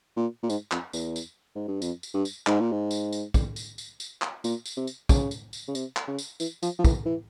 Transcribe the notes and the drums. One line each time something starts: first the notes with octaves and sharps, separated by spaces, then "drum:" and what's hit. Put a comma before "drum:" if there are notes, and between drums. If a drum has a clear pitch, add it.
A#2
A#2
G#2, drum: tambourine
F2, drum: clap
E2, drum: tambourine
drum: tambourine
G#2
G2
F2, drum: tambourine
drum: tambourine
G2
drum: tambourine
G#2, drum: clap
A#2
G#2
drum: tambourine
drum: tambourine
drum: kick, tambourine
drum: tambourine
drum: tambourine
drum: tambourine
drum: clap
A#2, drum: tambourine
drum: tambourine
C3
drum: tambourine
C#3, drum: kick, tambourine
drum: tambourine
drum: tambourine
C#3
C3, drum: tambourine
drum: clap
C#3
drum: tambourine
E3, drum: tambourine
F3, drum: tambourine
F3
E3, drum: kick, tambourine
E3